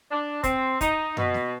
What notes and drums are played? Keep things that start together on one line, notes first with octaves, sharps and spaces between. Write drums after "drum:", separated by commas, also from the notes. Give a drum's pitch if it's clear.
D4
C4, drum: kick, hi-hat
D#4, drum: kick, hi-hat
B2, drum: tom F#2
drum: snare